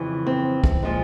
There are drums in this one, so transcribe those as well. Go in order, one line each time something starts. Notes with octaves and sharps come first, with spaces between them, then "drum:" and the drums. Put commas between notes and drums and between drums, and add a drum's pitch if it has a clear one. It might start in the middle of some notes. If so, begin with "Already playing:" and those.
Already playing: F2 C#3 E3
C4
drum: kick
A#2 F3 G#3